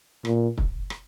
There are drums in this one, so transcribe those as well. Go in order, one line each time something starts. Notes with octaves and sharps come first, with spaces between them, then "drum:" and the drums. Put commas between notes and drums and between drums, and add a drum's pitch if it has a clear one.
A#2, drum: rim click
drum: kick
drum: rim click